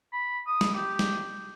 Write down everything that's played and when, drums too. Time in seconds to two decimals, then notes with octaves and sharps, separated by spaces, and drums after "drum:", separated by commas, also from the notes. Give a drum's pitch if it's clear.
0.13 B5
0.47 D#6
0.61 drum: snare
0.75 G4
0.99 drum: snare